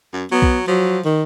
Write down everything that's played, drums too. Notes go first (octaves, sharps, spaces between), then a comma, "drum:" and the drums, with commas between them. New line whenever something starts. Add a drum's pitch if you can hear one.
F#2
F#3 B3
drum: kick B1
F3 F#3
D#3